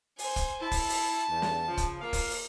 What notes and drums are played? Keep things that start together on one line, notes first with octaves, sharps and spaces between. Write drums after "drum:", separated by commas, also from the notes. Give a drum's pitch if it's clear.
C5 G#5, drum: open hi-hat
drum: kick, hi-hat
E4 A5
drum: kick, open hi-hat
drum: open hi-hat
E2
drum: snare
C#3 F3
drum: kick, hi-hat
A#3 F4 F5
drum: kick, open hi-hat
drum: open hi-hat